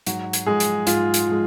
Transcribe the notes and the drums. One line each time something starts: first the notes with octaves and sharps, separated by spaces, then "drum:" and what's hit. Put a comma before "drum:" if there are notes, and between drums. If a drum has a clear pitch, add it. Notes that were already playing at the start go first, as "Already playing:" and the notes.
G#2 F#3 F#4, drum: hi-hat
drum: hi-hat
F3 G#3 G#4
drum: hi-hat
G#2 F4, drum: hi-hat
drum: hi-hat
F3 G#3